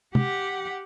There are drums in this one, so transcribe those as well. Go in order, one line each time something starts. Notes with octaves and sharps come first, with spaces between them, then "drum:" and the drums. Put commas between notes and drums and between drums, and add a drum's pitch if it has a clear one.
G4 F#5, drum: tom